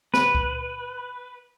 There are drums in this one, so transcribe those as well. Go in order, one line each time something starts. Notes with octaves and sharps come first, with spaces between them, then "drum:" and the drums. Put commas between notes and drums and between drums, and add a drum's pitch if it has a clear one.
B4, drum: snare
drum: kick C#2